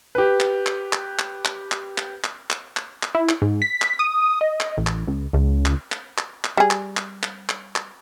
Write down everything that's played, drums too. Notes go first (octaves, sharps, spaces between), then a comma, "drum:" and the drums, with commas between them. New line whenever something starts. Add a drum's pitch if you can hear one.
G4 B4
drum: clap
drum: clap
drum: clap
drum: clap
drum: clap
drum: clap
drum: clap
drum: clap
drum: clap
drum: clap
drum: clap
E4
drum: clap
G#2
B6
drum: clap
D#6
D#5
drum: clap
A1
drum: clap
C#2
C#2
drum: clap
drum: clap
drum: clap
drum: clap
G3 G#4
drum: clap
drum: clap
drum: clap
drum: clap
drum: clap